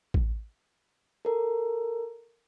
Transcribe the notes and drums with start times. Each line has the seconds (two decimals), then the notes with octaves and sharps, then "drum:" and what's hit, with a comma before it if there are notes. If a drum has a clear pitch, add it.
0.14 drum: kick A1
1.25 A4 A#4